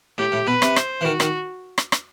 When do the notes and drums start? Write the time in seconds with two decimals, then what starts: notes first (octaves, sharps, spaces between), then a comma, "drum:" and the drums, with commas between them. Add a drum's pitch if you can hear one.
0.18 A2 G4
0.32 A2
0.47 B2 B4
0.62 C3, drum: rim click
0.76 C5, drum: rim click
1.01 E3
1.05 D#3 F#4
1.20 D#3, drum: rim click
1.78 drum: rim click
1.92 drum: rim click